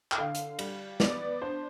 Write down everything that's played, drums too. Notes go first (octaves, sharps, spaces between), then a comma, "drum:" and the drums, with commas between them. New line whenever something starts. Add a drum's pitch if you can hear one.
G5, drum: clap
D3 F5
drum: hi-hat
G3, drum: cymbal
B3 D5, drum: snare
D4 C5